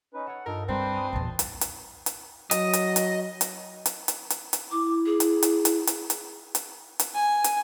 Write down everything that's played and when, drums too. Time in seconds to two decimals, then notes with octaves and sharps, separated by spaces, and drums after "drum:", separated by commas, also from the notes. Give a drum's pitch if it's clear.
0.14 C#4 D#4 B4
0.27 A4 C#5 F#5
0.46 G2 D#4 F4 A4 A#4 A#6
0.69 G3 C4 D4 B4 C5
0.93 A#4 G#5 D#6
1.13 A#1 E2 A5 C6
1.39 drum: hi-hat
1.61 drum: hi-hat
2.06 drum: hi-hat
2.51 F#3 D#5, drum: hi-hat
2.73 drum: hi-hat
2.96 drum: hi-hat
3.41 drum: hi-hat
3.86 drum: hi-hat
4.08 drum: hi-hat
4.30 drum: hi-hat
4.53 drum: hi-hat
4.71 E4 D6
5.06 G#4
5.20 drum: hi-hat
5.43 drum: hi-hat
5.65 drum: hi-hat
5.87 drum: hi-hat
6.10 drum: hi-hat
6.55 drum: hi-hat
7.00 drum: hi-hat
7.15 G#5
7.44 drum: hi-hat